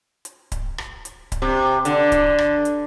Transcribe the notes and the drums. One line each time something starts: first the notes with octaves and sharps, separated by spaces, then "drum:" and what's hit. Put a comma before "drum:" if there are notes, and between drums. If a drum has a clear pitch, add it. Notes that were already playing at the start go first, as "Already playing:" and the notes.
drum: hi-hat
drum: kick C#1, hi-hat
drum: rim click
drum: hi-hat
drum: kick C#1, hi-hat
C3
D3, drum: hi-hat
drum: kick C#1, hi-hat
drum: rim click
drum: hi-hat